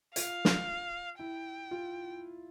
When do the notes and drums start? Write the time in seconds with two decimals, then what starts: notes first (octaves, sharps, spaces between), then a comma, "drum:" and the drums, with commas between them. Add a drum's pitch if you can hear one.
0.16 F4 F5, drum: hi-hat
0.45 drum: snare
1.19 E4 G5
1.71 F4